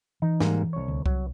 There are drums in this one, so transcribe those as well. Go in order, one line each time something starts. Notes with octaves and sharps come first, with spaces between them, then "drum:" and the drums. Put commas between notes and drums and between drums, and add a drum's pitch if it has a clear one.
E3 D#4
G#2 G3 A#3, drum: snare
C2 C#5
D2
C2 F#3, drum: kick C2